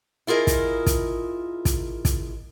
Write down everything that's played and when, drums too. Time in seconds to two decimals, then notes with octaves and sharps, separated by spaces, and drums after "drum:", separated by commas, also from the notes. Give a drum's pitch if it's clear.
0.27 E4 F4 G#4 A#4 D#5
0.47 drum: kick, hi-hat
0.86 drum: kick, hi-hat
1.65 drum: kick, hi-hat
2.05 drum: kick, hi-hat